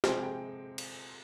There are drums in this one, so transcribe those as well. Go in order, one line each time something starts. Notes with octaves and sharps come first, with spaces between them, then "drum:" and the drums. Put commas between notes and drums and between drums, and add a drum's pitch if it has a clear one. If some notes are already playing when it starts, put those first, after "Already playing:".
C3 F3 G#3 C5, drum: snare
G5
drum: cymbal